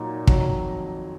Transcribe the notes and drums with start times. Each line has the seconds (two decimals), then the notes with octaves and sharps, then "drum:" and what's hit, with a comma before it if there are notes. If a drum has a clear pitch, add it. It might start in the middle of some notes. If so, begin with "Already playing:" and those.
Already playing: A#2 F#3 A#3 D#4
0.27 F2 D#3 F#3, drum: kick